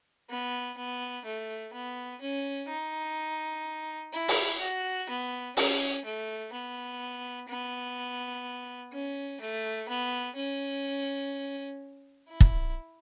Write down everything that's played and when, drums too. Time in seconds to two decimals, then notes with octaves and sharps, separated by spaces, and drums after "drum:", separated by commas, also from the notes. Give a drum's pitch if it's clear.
0.30 B3
0.77 B3
1.25 A3
1.73 B3
2.21 C#4
2.69 D#4
4.13 E4
4.28 drum: open hi-hat
4.61 F#4
5.09 B3
5.57 C#4, drum: open hi-hat
6.05 A3
6.52 B3
7.49 B3
8.93 C#4
9.41 A3
9.88 B3
10.36 C#4
12.28 E4
12.41 drum: kick